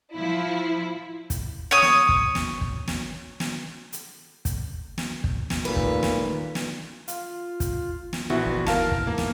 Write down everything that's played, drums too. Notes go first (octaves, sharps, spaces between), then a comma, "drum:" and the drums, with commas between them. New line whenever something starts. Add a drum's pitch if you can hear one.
F3 E4
drum: kick, hi-hat
C#5 D#6
drum: snare
drum: kick
drum: snare
drum: kick
drum: snare
drum: snare
drum: hi-hat
drum: kick, hi-hat
drum: snare
drum: kick
drum: snare
A#2 D#3 G3 A3 B4
drum: kick
drum: snare
drum: snare
F4, drum: hi-hat
drum: kick, hi-hat
drum: snare
A#1 E3 B3 F#4
G1
D#2 A#4 F5 A5, drum: snare
drum: kick
G#2 A#3
drum: snare